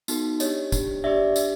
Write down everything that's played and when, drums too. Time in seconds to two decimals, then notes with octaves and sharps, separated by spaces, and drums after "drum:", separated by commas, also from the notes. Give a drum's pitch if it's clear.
0.08 B3 D#4 F#4 A4, drum: tambourine
0.40 D4 G4 C#5 D#5, drum: tambourine
0.72 D4 G4, drum: kick, tambourine
1.04 D4 G4 D5 E5
1.36 D4 G4, drum: tambourine